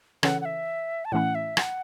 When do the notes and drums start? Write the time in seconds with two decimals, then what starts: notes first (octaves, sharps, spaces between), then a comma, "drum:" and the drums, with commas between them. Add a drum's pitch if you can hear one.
0.23 C#3 E3 C#4 A4 C#5 F#5, drum: rim click
0.41 F#5
0.45 E5
1.05 A5
1.12 A2 E3 A3 C#4 E4 F#5
1.35 E5
1.57 F#5, drum: rim click